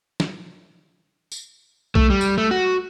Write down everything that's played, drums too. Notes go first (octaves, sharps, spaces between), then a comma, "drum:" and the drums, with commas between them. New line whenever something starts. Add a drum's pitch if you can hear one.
drum: snare
drum: tambourine
A3, drum: kick B1
G3
drum: tambourine
A3
F#4